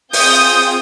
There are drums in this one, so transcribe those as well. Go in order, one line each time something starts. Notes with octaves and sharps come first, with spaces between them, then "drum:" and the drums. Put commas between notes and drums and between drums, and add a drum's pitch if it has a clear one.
C4 F4 G#4 D#6 G6, drum: open hi-hat